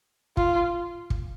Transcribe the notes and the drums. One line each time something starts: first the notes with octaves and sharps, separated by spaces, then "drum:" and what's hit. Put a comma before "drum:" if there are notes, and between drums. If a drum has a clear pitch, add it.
F4, drum: kick
drum: kick